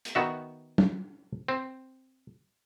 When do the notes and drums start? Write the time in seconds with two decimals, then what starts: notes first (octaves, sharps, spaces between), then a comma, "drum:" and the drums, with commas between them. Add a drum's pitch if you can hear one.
0.05 drum: hi-hat
0.15 D#3 B3 F#4 E5
0.78 drum: tom
1.48 C4